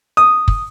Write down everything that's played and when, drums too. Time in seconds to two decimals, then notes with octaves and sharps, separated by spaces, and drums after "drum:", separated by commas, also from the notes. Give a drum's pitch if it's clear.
0.17 D#6
0.48 drum: kick